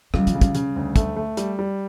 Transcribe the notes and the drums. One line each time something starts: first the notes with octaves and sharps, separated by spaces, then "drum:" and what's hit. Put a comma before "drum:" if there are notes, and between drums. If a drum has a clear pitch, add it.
C#2 G3, drum: rim click
F3, drum: hi-hat
C#3
G3, drum: kick, hi-hat
C#3, drum: hi-hat
D2
A3, drum: kick, hi-hat
A3
G3, drum: hi-hat
G3